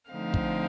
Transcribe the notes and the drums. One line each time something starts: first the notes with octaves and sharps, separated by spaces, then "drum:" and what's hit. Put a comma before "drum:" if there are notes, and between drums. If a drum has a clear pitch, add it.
D3 F3 A3 C4 D#4 F5
drum: kick